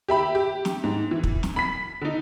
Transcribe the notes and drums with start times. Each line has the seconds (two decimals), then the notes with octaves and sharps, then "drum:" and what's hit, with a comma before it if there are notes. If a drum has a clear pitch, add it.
0.08 G4 E5 B5
0.35 G4
0.65 drum: snare
0.84 G#2
1.11 E3
1.23 drum: kick
1.43 drum: snare
1.56 B5 B6
2.02 D3 D#4